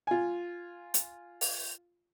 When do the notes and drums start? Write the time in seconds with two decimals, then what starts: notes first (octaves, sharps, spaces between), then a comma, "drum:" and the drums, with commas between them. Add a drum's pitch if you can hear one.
0.07 F4 G#5
0.94 drum: hi-hat
1.41 drum: open hi-hat